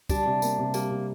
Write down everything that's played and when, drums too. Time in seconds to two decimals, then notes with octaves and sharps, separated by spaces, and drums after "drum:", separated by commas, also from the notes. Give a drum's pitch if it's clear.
0.09 G3 D4, drum: kick, tambourine
0.26 C3
0.42 A#3, drum: tambourine
0.58 C3
0.74 G3 A#3, drum: tambourine
0.91 C3